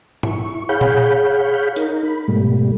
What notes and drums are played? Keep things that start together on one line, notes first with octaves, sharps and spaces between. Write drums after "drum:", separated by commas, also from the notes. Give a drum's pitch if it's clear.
E4 C#6, drum: tom G#2
G#4 C#5 F5 F#5 B5 G6
drum: tom A#2
D#4 A#4, drum: hi-hat
B5
G#2 B2 G3 A3